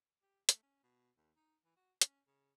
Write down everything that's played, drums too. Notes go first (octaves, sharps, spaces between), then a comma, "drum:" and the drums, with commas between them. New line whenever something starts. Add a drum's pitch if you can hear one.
G4
A3, drum: hi-hat
C#4
B2
D#2
D#4
E3
F#4
C#4, drum: hi-hat
C#3